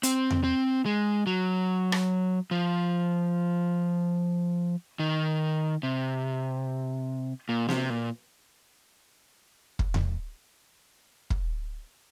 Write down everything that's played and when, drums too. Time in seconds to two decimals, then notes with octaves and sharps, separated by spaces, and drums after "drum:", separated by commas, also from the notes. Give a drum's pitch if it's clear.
0.03 C4, drum: hi-hat
0.31 drum: tom E2
0.44 C4
0.86 G#3
1.27 F#3
1.92 drum: rim click
2.51 F3
4.99 D#3
5.83 C3
7.49 A#2
7.69 C3, drum: snare
7.90 A#2
9.79 drum: kick
9.94 drum: tom E2
11.30 drum: kick